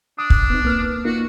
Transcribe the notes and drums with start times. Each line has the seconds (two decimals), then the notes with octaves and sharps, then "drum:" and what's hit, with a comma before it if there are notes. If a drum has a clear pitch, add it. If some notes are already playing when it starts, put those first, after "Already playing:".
0.19 D4 D#6
0.30 drum: kick
0.50 B3 C4 D#4
0.65 A#3 B4 F6
1.05 A#3 D#4 F4 F#4